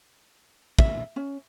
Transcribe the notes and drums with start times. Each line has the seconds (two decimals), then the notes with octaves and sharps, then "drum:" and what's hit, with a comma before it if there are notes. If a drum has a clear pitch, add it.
0.79 E5, drum: kick
1.16 C#4